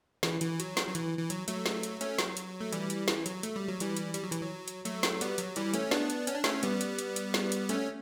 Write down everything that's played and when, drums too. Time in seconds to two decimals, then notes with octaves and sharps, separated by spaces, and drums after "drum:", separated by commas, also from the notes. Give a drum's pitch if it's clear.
0.23 E3, drum: snare
0.41 E3, drum: hi-hat
0.60 F#3, drum: hi-hat
0.77 drum: snare
0.87 F#3
0.95 E3, drum: hi-hat
1.19 E3
1.30 F#3, drum: hi-hat
1.48 F#3 A3, drum: hi-hat
1.66 drum: snare
1.83 drum: hi-hat
2.01 A3 C#4, drum: hi-hat
2.19 F#3, drum: snare
2.37 drum: hi-hat
2.60 A3
2.73 E3 G3, drum: hi-hat
2.90 drum: hi-hat
3.08 E3, drum: snare
3.26 F#3, drum: hi-hat
3.43 A3, drum: hi-hat
3.56 G3
3.68 F#3
3.80 E3 G3, drum: hi-hat
3.97 drum: hi-hat
4.14 G3, drum: hi-hat
4.24 F#3
4.32 E3, drum: hi-hat
4.41 F#3
4.68 drum: hi-hat
4.85 F#3 A3, drum: hi-hat
5.03 drum: snare
5.21 G3 B3, drum: hi-hat
5.38 F#3, drum: hi-hat
5.56 E3 G3, drum: hi-hat
5.74 A3 C#4, drum: hi-hat
5.91 B3 D4, drum: snare
6.10 drum: hi-hat
6.27 C#4, drum: hi-hat
6.35 D4
6.44 A3 C#4, drum: snare
6.63 G3 B3, drum: hi-hat
6.81 drum: hi-hat
6.99 drum: hi-hat
7.16 drum: hi-hat
7.34 drum: snare
7.52 drum: hi-hat
7.69 A3 C#4, drum: hi-hat